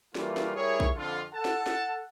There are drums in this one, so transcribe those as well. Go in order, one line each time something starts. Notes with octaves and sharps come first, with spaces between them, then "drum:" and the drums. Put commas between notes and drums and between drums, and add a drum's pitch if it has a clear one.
E3 F#3 G3 A3 A#3 F4, drum: snare
drum: snare
G3 A3 E4 G#4 A#4 C#5
drum: kick
F2 D3 F4
A4 F#5 A5
drum: snare
drum: snare